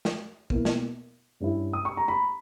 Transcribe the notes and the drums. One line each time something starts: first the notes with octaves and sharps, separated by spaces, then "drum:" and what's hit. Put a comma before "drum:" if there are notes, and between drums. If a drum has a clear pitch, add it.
drum: snare
B2 A#3 E4, drum: kick
drum: snare
G2 G3 C#4 E4
D#6
C#6
A#5
B5